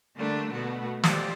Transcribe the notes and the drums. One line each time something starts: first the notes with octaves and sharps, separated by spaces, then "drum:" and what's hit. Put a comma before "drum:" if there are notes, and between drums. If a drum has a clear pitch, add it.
D3 G3 A3 A#3 D4
B2 A3 B3 F#4
G#3 F4 G4 C5 D5, drum: snare